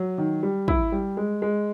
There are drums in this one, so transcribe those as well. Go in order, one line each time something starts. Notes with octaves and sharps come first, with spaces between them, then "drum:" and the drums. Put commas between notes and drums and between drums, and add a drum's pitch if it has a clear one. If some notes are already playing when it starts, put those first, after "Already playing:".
Already playing: F#3
D#3
G3
E4, drum: kick
G3
G#3
G#3